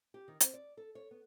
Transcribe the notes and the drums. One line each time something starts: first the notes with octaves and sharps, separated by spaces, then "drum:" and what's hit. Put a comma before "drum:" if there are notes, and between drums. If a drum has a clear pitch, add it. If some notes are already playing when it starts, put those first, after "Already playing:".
G4
D#3
C4, drum: hi-hat
D5
A4
C#5
B3